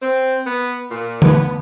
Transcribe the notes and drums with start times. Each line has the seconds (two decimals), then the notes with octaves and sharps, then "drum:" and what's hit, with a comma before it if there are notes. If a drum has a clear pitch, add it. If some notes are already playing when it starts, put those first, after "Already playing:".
0.02 C4
0.45 B3
0.91 A#2
1.22 B3, drum: tom D3